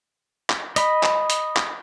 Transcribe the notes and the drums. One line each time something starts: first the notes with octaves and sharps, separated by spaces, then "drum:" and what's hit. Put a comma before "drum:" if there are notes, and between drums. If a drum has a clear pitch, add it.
drum: clap
D#5 B5, drum: hi-hat
drum: clap
drum: hi-hat
drum: clap